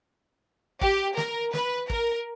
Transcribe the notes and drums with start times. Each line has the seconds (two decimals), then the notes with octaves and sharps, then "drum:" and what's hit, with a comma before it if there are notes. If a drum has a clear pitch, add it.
0.81 G4, drum: kick
1.17 A#4, drum: snare
1.53 B4, drum: snare
1.90 A#4, drum: kick